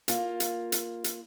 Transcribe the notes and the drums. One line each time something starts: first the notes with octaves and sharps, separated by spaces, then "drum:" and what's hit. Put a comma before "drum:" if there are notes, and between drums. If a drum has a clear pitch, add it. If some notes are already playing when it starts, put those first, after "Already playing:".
A#3 F4, drum: hi-hat
drum: hi-hat
drum: hi-hat
drum: hi-hat